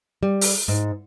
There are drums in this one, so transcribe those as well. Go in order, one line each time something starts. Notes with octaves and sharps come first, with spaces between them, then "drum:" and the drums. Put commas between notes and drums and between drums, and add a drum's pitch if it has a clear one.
G3
drum: open hi-hat
G#2